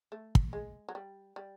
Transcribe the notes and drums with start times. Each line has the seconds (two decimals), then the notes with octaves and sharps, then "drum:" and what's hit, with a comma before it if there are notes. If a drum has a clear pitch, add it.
0.12 A3
0.35 drum: kick
0.53 G#3
0.89 F#3
0.95 G3
1.36 G3